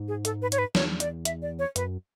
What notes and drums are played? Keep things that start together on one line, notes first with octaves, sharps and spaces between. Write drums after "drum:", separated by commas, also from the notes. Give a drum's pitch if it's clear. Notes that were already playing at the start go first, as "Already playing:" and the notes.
Already playing: G#2
G#4
A4, drum: hi-hat
B4
C#5, drum: hi-hat
B4
E2 C#5, drum: snare
D5, drum: hi-hat
E5, drum: hi-hat
D5
C#5
F#2 B4, drum: hi-hat